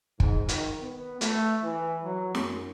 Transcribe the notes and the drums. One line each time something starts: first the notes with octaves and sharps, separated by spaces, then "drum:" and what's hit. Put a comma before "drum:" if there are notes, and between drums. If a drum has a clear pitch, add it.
G#2, drum: kick
D#3, drum: hi-hat
B3
A3, drum: hi-hat
E3
F#3
F#2, drum: snare